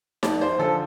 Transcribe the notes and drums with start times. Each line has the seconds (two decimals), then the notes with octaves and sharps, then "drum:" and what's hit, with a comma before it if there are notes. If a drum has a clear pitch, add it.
0.23 F2 D5, drum: snare D#4
0.41 C5
0.59 D3 F3 A4